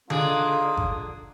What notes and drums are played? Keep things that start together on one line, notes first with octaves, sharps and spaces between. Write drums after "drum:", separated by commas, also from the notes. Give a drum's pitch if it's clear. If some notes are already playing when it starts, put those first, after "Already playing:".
D3 A#3 D4 D#4 F4 G#4 D#6, drum: tom D3
drum: kick G1